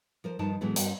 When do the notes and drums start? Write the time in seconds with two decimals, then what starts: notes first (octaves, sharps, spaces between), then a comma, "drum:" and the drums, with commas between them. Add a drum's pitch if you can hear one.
0.24 F3 A#4 C5
0.39 G2 D#3 F3 D#4 A#4 A5
0.61 A2 E3 F#3 G#3 B3
0.76 G2 C#4 F#4 A#4 G5, drum: hi-hat